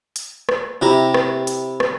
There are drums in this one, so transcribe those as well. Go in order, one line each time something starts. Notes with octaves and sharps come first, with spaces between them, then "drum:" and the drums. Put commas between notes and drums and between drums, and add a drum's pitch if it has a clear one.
drum: hi-hat
drum: rim click
C3 E4 G4 A#5
drum: rim click
drum: hi-hat
drum: rim click